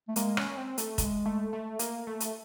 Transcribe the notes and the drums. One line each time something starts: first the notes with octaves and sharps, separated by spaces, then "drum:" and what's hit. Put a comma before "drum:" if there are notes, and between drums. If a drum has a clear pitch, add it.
A3
G#3 A#3, drum: hi-hat
C#4, drum: rim click
C4
A3, drum: hi-hat
G#3, drum: kick, hi-hat
A3
A3
A#3, drum: hi-hat
A3
drum: hi-hat